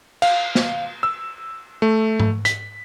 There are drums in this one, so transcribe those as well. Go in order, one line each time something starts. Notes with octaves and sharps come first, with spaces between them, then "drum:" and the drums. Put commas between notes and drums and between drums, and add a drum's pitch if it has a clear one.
F5, drum: cymbal
drum: snare
E6
A3
drum: tom G#2
B6, drum: hi-hat